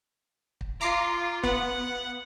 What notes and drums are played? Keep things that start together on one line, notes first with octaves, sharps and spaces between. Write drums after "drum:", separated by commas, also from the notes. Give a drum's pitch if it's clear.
drum: kick
F4 A#5 D6 C7
B3 F#5, drum: kick